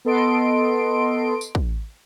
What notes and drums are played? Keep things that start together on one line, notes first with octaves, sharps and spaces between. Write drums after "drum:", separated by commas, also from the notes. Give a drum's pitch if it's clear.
B3 A4 D#5 C6 D7
drum: tambourine
drum: kick